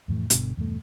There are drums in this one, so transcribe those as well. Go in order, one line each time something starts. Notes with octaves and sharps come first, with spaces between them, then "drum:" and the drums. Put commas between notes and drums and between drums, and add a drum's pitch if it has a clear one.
F2 A2 E3 A3
G1 C2 B2 D3, drum: hi-hat
E2 G2 B2 A3